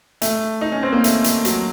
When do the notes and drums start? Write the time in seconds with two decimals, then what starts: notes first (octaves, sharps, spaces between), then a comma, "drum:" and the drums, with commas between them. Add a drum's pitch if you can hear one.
0.22 A3, drum: hi-hat
0.61 D#4
0.72 C#4
0.83 C4
0.93 A#3
1.04 A3, drum: hi-hat
1.24 drum: hi-hat
1.45 F#3, drum: hi-hat